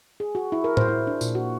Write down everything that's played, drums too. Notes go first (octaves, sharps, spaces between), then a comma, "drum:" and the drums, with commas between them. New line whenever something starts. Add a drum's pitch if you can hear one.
G#4
F#4
E4
A#4
C5, drum: tom A2
E4
D4
A#2, drum: tambourine
F#4